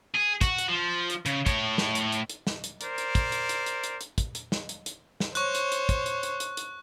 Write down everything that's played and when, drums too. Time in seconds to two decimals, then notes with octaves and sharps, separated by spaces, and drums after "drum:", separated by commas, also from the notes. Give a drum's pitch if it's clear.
0.14 G#4
0.41 F#4, drum: kick, hi-hat
0.58 drum: hi-hat
0.68 F3
1.10 drum: hi-hat
1.26 C#3, drum: hi-hat
1.46 A2 C#5, drum: kick, hi-hat
1.78 drum: snare
1.95 drum: hi-hat
2.12 drum: hi-hat
2.30 drum: hi-hat
2.47 drum: snare
2.64 drum: hi-hat
2.81 A#4 C5 D5, drum: hi-hat
2.98 drum: hi-hat
3.15 drum: kick, hi-hat
3.32 drum: hi-hat
3.49 drum: hi-hat
3.66 drum: hi-hat
3.84 drum: hi-hat
4.01 drum: hi-hat
4.18 drum: kick, hi-hat
4.35 drum: hi-hat
4.52 drum: snare
4.69 drum: hi-hat
4.86 drum: hi-hat
5.20 drum: snare
5.35 C5 C#5 C#6 F#6, drum: hi-hat
5.55 drum: hi-hat
5.72 drum: hi-hat
5.89 drum: kick, hi-hat
6.06 drum: hi-hat
6.23 drum: hi-hat
6.40 drum: hi-hat
6.57 drum: hi-hat